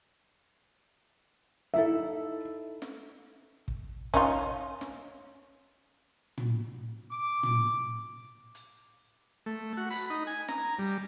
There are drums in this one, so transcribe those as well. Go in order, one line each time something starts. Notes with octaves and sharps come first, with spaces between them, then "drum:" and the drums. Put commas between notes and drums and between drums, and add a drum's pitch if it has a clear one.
D#4 E4 A4 E5
drum: snare
drum: kick
C#4 D#4 F4, drum: kick
drum: snare
drum: tom
D6
drum: tom
drum: hi-hat
A3
F#4
B5, drum: open hi-hat
D#4
G#5
A#5, drum: snare
G3